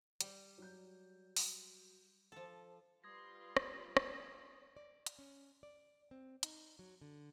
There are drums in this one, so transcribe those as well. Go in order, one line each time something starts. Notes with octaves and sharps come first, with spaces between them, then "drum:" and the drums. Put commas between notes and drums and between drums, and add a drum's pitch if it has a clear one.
G3, drum: hi-hat
F#3 G6
drum: open hi-hat
F3 A4
G3 F4 B4 C6 D#6 G#6 A#6
drum: rim click
drum: rim click
D5
drum: hi-hat
C#4
D5
C4
D#4, drum: hi-hat
F#3
D3